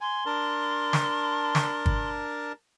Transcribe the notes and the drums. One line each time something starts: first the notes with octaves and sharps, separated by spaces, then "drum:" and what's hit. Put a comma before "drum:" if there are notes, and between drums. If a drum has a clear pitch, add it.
G#5 C6
D4 A#4 A5
drum: snare
drum: snare
drum: kick